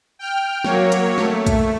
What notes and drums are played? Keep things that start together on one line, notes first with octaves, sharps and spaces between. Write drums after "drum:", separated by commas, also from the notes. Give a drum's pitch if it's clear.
G5 F6
F#3 A#3 C#5, drum: snare
drum: hi-hat
A3, drum: snare
drum: kick, hi-hat